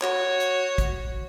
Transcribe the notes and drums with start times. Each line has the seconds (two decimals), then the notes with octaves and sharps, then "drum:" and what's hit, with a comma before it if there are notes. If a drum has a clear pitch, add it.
0.02 F#4 C#5, drum: clap
0.40 drum: hi-hat
0.78 drum: kick, hi-hat